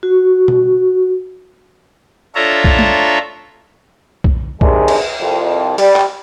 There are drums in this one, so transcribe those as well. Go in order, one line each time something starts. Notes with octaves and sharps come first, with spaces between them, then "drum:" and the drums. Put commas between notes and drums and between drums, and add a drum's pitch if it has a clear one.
F#4
drum: tom B2
D4 F4 A4 C#5 E5 A#5
drum: kick
drum: tom G#3
drum: kick
G2 C3 D#3 G#3 D4 G#4, drum: kick
drum: cymbal
C2 F2
G3, drum: open hi-hat
drum: clap